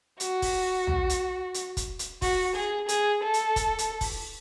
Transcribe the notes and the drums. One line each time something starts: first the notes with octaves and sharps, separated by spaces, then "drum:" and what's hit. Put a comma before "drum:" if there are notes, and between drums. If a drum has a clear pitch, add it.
F#4, drum: hi-hat
drum: kick, open hi-hat
drum: tom
drum: hi-hat
drum: hi-hat
drum: kick, hi-hat
drum: hi-hat
F#4, drum: kick, open hi-hat
G#4
G#4, drum: hi-hat
A4
drum: hi-hat
drum: kick, hi-hat
drum: hi-hat
drum: kick, open hi-hat